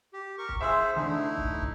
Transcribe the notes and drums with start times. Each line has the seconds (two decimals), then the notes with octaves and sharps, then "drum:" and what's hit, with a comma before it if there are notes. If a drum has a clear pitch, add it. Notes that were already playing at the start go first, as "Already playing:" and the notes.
0.13 G4
0.38 A#4 C#6
0.49 drum: kick
0.61 G#4 C5 E5 C6 E6
0.96 D3 A3 D#4 E4
1.37 drum: kick
1.55 drum: kick